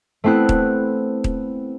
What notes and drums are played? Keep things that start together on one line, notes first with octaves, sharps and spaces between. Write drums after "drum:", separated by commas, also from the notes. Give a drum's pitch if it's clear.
A3 B3 C4 E4 F#6
drum: kick D#1
drum: kick D#1